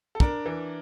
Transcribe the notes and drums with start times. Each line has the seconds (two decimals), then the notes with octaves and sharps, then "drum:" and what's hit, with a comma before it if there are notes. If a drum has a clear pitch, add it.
0.15 A4
0.20 D4 A#4, drum: kick
0.46 E3